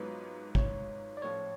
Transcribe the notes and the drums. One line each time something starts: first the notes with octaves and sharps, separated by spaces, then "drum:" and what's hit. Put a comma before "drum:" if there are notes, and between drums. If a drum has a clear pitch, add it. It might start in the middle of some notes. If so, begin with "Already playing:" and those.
Already playing: G#1 G#2 F#3 B3 F4 B4
C#5, drum: kick
D5
A1 A2 F3 C#5